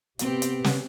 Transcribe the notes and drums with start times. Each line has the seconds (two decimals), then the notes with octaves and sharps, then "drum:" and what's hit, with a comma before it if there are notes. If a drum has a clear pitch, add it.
0.19 C3 B3 C4 G4, drum: hi-hat
0.42 drum: hi-hat
0.64 drum: snare